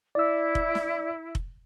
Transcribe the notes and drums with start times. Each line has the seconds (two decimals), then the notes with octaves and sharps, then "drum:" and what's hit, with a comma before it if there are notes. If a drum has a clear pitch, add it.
0.15 E4 D5 E6
0.55 drum: kick F1
0.75 drum: snare
1.35 drum: kick F1